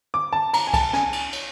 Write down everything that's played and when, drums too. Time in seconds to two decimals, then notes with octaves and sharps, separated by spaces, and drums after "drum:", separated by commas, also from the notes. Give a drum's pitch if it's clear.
0.14 D6
0.33 A5
0.53 A#5, drum: cymbal
0.67 G#5
0.73 A5, drum: kick C2, cymbal
0.93 G#5, drum: snare
1.13 drum: cymbal
1.32 drum: cymbal